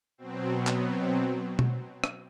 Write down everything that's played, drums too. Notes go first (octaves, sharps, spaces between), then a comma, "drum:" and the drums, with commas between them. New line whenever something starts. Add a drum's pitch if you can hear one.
B2 F#3 C4
B3
drum: clap
C4
drum: tom B2
drum: rim click